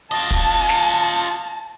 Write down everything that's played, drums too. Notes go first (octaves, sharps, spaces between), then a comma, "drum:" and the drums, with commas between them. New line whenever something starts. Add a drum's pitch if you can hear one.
F4 D#5 A5
drum: kick
drum: snare